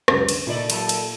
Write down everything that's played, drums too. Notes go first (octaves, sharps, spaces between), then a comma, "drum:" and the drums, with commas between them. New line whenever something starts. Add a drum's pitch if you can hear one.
C#2 F#2 G3, drum: rim click
D3, drum: cymbal
A#2 A3 D#4 D5
F#3 A#3 A4, drum: cymbal
drum: cymbal